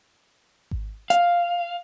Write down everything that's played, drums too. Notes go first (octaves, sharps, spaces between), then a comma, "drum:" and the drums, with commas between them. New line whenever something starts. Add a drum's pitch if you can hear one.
drum: kick G#1
F5, drum: hi-hat